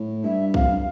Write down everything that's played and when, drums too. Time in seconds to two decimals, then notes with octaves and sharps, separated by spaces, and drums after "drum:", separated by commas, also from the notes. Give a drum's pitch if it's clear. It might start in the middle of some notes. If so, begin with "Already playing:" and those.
Already playing: A2
0.24 G2 E5
0.54 F2 F5, drum: kick B1
0.66 G2